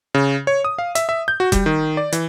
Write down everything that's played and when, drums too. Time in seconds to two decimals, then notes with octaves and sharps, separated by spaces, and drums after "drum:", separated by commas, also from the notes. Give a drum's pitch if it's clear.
0.14 C#3
0.47 C#5
0.65 D#6
0.79 F5
0.95 E5, drum: hi-hat
1.09 E5
1.28 G6
1.40 F#4
1.52 G3, drum: kick F1, hi-hat
1.66 D#3
1.97 D5
2.12 E3, drum: hi-hat